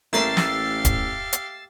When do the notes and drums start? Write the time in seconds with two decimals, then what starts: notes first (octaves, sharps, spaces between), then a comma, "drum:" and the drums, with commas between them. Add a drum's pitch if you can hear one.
0.13 A1 A3 A#3 G4 F5 E6 A6 C7
0.37 drum: snare
0.85 drum: kick, hi-hat
1.33 drum: hi-hat